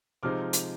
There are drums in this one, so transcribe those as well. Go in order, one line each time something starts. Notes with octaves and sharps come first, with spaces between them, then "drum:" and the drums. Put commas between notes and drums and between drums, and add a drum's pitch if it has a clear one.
C3 F3 G#3 C4 D#4 D6 F6
drum: hi-hat